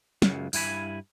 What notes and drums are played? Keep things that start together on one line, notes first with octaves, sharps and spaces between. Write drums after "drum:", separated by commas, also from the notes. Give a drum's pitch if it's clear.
C#2 F#2 C#3, drum: snare
G2 E4 G#5 B5, drum: open hi-hat